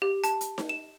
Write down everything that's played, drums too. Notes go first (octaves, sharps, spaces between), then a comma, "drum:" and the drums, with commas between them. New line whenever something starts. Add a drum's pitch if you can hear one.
G4
A5, drum: hi-hat
drum: hi-hat
drum: snare D#4
E7